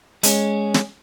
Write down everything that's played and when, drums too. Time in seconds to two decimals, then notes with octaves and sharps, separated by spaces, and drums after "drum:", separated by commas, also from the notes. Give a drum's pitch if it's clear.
0.23 G#3 C#4, drum: hi-hat
0.74 drum: snare